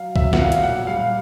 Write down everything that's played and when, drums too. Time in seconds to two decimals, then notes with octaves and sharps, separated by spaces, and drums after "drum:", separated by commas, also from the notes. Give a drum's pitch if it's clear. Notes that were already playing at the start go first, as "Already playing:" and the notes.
Already playing: F#3 F5
0.16 F#3 E5, drum: kick C2
0.33 F#5, drum: snare
0.39 A#2 F5
0.52 drum: hi-hat
0.63 A#2 F#5
0.87 G3 F5